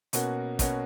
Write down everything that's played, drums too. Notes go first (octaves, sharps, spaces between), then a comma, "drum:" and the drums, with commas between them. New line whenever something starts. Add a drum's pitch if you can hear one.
B2 A#3 C#4 F#4, drum: hi-hat
B2 A#3 C#4 F#4, drum: kick, hi-hat